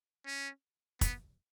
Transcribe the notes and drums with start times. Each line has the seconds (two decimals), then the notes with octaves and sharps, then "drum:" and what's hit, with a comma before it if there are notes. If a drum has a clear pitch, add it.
0.26 C#4
1.01 B3, drum: kick, hi-hat